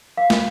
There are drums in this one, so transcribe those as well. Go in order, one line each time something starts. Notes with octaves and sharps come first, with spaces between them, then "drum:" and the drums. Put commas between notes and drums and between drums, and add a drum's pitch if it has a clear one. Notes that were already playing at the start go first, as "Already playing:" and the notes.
F5
drum: snare